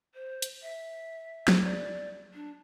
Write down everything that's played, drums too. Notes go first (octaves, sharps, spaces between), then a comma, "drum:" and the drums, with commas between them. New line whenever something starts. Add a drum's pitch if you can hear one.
C5
drum: hi-hat
E5
drum: snare
D5
D4